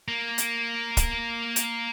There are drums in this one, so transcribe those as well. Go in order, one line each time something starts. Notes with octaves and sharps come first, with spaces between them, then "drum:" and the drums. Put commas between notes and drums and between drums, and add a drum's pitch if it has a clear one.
A#3
drum: hi-hat
drum: kick, hi-hat
drum: hi-hat